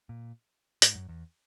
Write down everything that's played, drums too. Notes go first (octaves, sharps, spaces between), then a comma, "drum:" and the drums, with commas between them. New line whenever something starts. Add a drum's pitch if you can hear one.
A#2
G#2, drum: hi-hat
F#2
E2